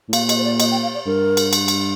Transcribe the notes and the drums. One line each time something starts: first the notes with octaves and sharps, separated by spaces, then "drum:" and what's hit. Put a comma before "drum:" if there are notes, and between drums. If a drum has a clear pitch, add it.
A2
A#2 F5, drum: cymbal
D#5, drum: cymbal
C5
D5
D#5, drum: cymbal
G5
F5
D5
G2 A#4
drum: cymbal
drum: cymbal
drum: cymbal